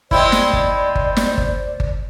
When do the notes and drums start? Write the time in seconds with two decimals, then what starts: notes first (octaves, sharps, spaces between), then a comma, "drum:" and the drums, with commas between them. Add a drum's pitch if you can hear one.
0.11 G#3 C4 E4 C5 D5, drum: kick G1
0.32 drum: snare
0.53 drum: kick G1
0.95 drum: kick G1
1.17 drum: snare
1.38 drum: kick G1
1.80 drum: kick G1